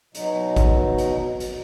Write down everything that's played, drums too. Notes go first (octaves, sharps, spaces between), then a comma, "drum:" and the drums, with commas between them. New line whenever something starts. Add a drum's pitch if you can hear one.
B2 F#3 D#4, drum: hi-hat
drum: kick, hi-hat
drum: hi-hat
drum: hi-hat